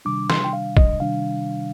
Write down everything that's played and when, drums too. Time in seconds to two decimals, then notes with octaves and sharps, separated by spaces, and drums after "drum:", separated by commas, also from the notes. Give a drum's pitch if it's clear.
0.05 C3 D#3 G3 D4 D6
0.30 C6, drum: snare
0.44 G5
0.53 F5
0.77 D#5, drum: kick
1.00 C3 D#3 G3 D4 F5